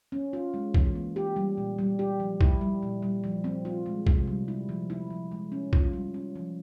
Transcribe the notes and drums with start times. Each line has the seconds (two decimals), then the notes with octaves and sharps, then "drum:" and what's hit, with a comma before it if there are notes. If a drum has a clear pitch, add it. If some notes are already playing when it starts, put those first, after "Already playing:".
0.12 C#4
0.33 F4
0.54 G#3
0.74 E3, drum: kick
0.95 A#3
1.16 G4
1.36 G3
1.58 A#2
1.79 G3
1.99 G4
2.20 F3
2.41 E4, drum: kick
2.61 G3
2.83 A#2
3.03 G3
3.24 F3
3.44 C4
3.65 F4
3.86 G#3
4.07 C3, drum: kick
4.28 G3
4.48 E4
4.69 F3
4.90 E4
5.10 F3
5.32 G#3
5.52 C#4
5.73 F4, drum: kick
5.93 G3
6.14 C#4
6.36 F3